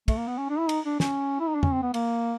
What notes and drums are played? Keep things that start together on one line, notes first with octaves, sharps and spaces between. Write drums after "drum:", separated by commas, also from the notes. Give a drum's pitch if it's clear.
A3, drum: kick, cymbal
A#3
B3
C#4
D4
E4
D#4, drum: cymbal
D4
C#4, drum: snare
E4
D#4
D4
C#4, drum: tom E2
C4
B3
A#3, drum: cymbal